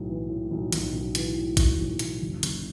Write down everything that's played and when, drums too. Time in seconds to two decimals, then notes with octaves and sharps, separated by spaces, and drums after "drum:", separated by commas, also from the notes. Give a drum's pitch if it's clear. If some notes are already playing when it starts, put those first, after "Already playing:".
Already playing: B1 A2
0.09 E3
0.29 A2
0.51 B1
0.72 B1, drum: hi-hat
0.93 B1
1.15 E3, drum: hi-hat
1.36 A2
1.57 A2, drum: kick G#1, hi-hat
1.78 B1
1.99 E3, drum: hi-hat
2.22 F#1
2.43 F#1, drum: hi-hat